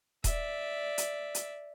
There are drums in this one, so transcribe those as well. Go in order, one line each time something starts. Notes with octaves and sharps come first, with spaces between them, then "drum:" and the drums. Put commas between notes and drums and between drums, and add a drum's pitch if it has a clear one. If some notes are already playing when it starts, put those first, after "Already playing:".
D5 E5, drum: kick D#1, hi-hat
drum: hi-hat
drum: hi-hat